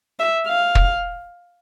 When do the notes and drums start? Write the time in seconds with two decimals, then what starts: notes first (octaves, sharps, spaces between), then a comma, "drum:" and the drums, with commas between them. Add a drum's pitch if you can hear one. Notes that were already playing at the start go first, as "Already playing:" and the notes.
0.19 E5
0.47 F5
0.75 drum: kick